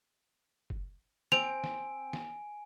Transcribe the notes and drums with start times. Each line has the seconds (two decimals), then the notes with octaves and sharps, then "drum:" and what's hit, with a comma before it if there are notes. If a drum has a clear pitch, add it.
0.70 drum: kick F#1
1.32 C4 G#5 D7 F7, drum: snare
1.64 drum: snare
2.13 drum: snare